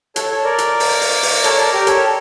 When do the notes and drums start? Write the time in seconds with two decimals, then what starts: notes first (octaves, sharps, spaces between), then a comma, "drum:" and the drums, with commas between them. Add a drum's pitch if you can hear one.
0.16 A4 C#5, drum: hi-hat
0.30 A4 C#5
0.44 A#4 D5
0.58 drum: hi-hat
0.80 drum: open hi-hat
1.01 drum: open hi-hat
1.23 drum: open hi-hat
1.44 A4 C#5, drum: hi-hat
1.58 A#4 D5
1.73 G4 A#4
1.87 A4 C#5, drum: hi-hat